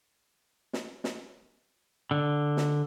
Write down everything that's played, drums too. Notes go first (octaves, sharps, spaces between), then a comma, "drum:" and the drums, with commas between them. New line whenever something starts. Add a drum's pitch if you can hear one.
drum: snare
drum: snare
D3
drum: snare